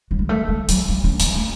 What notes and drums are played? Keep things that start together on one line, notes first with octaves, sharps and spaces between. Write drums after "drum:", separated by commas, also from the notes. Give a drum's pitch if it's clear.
F#3
G#3
A3
G#3
F#3, drum: hi-hat
G#3
C#4
B3, drum: hi-hat
A3